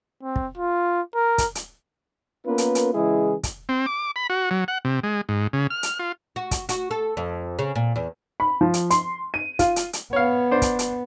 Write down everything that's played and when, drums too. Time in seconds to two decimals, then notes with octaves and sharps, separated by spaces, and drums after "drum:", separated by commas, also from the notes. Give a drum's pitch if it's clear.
0.23 C4
0.36 drum: kick
0.57 F4
1.15 A#4
1.38 drum: kick, hi-hat
1.55 drum: hi-hat
2.46 A#3 B3 C#4 F4 A#4 B4
2.58 drum: hi-hat
2.75 drum: hi-hat
2.93 C#3 E3 G#3 E4 G#4
3.43 drum: kick, hi-hat
3.69 C4
3.86 D6
4.16 B5
4.30 F#4
4.51 F#3
4.68 F#5
4.85 C3
5.03 G#3
5.29 G#2
5.53 C#3
5.70 F6
5.83 drum: hi-hat
5.99 F4
6.36 F#4
6.51 drum: kick, hi-hat
6.69 F#4, drum: hi-hat
6.91 A4
7.17 F2
7.59 C#3
7.76 A#2
7.96 E2
8.40 B5
8.61 F3
8.74 drum: hi-hat
8.90 C6, drum: hi-hat
9.34 D#7
9.59 F4, drum: kick, hi-hat
9.76 drum: hi-hat
9.93 drum: hi-hat
10.13 B3 C#5 F5
10.51 D4 C5
10.62 drum: kick, hi-hat
10.79 drum: hi-hat